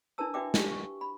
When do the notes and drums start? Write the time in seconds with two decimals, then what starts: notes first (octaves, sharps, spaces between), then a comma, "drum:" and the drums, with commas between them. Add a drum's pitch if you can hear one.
0.18 D4 E4 A#4 B4 A5 E6
0.34 D4 F#4 B4 E5 G5 D6
0.54 D4 G4, drum: snare
0.71 C#6
1.01 B5